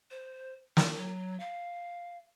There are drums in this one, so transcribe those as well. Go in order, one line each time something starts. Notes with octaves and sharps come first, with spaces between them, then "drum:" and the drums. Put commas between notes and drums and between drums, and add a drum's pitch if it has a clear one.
C5
D4, drum: snare
F#3
F5